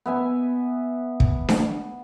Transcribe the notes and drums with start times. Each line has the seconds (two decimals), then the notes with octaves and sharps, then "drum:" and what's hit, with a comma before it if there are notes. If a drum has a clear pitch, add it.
0.06 B3 E5 G#5
1.20 drum: kick
1.49 drum: snare D4